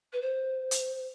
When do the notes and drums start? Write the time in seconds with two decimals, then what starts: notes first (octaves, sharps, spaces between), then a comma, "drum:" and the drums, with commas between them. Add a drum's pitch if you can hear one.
0.12 B4
0.21 C5
0.71 drum: hi-hat